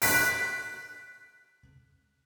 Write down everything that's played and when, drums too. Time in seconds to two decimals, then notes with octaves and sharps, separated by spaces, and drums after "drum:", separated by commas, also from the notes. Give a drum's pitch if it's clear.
0.02 F#6 B6 D7, drum: open hi-hat